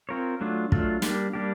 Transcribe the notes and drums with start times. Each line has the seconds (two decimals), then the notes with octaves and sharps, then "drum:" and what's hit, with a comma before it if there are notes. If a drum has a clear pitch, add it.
0.09 C4 F4 A#4 C#5
0.41 F#3 A3 D4 F4
0.72 F#3 A3 D4 F4, drum: kick
1.02 G3 A#3 D4 G4, drum: snare
1.33 G3 A#3 D4 G4